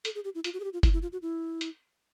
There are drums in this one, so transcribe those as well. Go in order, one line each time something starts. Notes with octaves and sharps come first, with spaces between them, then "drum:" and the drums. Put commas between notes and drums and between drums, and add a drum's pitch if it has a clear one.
A4, drum: hi-hat
G#4
G4
E4
F4, drum: hi-hat
F#4
G#4
G4
F4
E4, drum: kick F#1, hi-hat
E4
F4
F#4
E4
drum: hi-hat